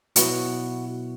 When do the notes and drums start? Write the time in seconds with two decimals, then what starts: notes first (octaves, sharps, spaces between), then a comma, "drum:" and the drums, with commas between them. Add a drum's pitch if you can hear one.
0.16 B2 F#3 B3 E4 F#4, drum: hi-hat